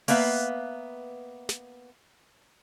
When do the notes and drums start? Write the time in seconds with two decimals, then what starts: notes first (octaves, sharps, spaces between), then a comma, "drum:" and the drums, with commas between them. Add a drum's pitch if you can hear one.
0.08 A#3 B3 B4 E5 F5, drum: open hi-hat
1.49 drum: snare